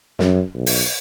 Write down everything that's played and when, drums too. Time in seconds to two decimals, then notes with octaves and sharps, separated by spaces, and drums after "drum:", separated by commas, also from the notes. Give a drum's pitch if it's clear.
0.19 F#2, drum: snare
0.55 B1
0.66 drum: open hi-hat